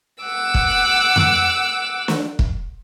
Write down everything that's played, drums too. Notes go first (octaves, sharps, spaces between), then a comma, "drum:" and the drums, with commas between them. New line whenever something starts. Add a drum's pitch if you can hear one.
F#5 D6 E6
drum: kick
drum: tom F2
drum: snare
drum: kick